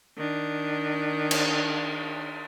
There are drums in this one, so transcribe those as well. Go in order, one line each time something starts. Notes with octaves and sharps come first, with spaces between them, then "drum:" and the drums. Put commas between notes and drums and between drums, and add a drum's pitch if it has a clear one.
D#3 D4
drum: cymbal